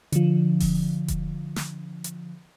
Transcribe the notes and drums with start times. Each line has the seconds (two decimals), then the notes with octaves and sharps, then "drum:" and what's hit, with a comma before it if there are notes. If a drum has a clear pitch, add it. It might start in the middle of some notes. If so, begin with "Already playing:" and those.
0.12 D3 F3, drum: hi-hat
0.60 drum: kick E1, open hi-hat
1.08 drum: kick E1, hi-hat
1.56 drum: snare
2.04 drum: hi-hat